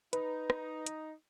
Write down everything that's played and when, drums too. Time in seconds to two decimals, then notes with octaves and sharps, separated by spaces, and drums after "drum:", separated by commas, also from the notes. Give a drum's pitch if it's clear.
0.13 D#4 B4, drum: hi-hat
0.50 drum: rim click
0.86 drum: hi-hat